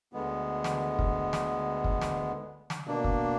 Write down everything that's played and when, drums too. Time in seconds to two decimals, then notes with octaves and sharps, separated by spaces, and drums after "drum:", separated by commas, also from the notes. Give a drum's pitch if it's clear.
0.13 D2 D3 G#3 B3
0.64 drum: snare
0.99 drum: kick
1.33 drum: snare
1.84 drum: kick
2.01 drum: snare
2.70 drum: snare
2.87 B2 A#3 D4
3.04 drum: kick